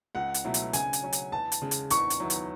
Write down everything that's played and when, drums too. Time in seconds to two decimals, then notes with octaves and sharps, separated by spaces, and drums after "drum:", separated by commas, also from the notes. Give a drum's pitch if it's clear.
0.15 C#2 F#5
0.34 drum: hi-hat
0.44 B2 F#3 A3 E4
0.54 drum: hi-hat
0.73 C#3 G#5, drum: hi-hat
0.93 drum: hi-hat
1.03 F#3 C#4
1.13 drum: hi-hat
1.32 E2 A5
1.52 drum: hi-hat
1.62 C#3 G#3
1.71 drum: hi-hat
1.90 E2 C#6, drum: hi-hat
2.10 drum: hi-hat
2.20 D#3 F#3 B3 E4
2.30 drum: hi-hat